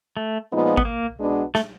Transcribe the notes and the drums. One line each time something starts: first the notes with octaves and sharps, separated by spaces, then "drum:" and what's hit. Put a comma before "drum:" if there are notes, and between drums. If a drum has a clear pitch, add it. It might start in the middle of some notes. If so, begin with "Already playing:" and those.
A3
A#2 F3 G#3 B3 D#4
B3, drum: kick G#1
A#3
B2 G#3 B3 D4
A3, drum: snare